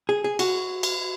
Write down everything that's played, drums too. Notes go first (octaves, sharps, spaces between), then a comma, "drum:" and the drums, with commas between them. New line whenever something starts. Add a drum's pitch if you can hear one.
G#4
G#4
F#4, drum: cymbal
drum: cymbal